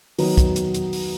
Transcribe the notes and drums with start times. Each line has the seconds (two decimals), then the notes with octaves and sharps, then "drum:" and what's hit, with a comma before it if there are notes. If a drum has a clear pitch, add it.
0.18 D#3 F#3 B3 D#4, drum: open hi-hat
0.37 drum: kick, hi-hat
0.56 drum: hi-hat
0.74 drum: hi-hat
0.93 drum: open hi-hat